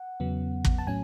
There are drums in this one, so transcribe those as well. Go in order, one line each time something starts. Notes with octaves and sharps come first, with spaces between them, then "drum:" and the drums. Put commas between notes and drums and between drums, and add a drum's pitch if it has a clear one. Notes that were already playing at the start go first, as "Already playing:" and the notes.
Already playing: F#5
E2 C#3 F#3 B3
drum: kick
A5
A2 F#3 C#4 G#5